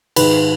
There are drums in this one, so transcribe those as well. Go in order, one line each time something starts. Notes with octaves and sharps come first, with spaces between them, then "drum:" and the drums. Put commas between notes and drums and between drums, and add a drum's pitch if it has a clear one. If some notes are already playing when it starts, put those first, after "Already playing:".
G#2 D#3 B4, drum: cymbal